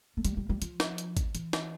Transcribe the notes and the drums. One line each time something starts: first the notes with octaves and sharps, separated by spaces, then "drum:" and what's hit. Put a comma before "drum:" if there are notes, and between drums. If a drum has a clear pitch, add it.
A3
G3, drum: hi-hat
G3
G3
F3, drum: hi-hat
drum: snare
drum: hi-hat
drum: kick G#1, hi-hat
E3, drum: hi-hat
drum: snare